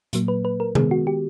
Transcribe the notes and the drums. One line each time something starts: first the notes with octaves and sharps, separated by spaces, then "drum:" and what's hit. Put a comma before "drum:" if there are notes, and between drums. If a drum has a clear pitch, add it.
A#2 F#3 A#3, drum: hi-hat
B4
B4
A#4
D#3 G#3 B3 G#4, drum: tom C3
F#4
G4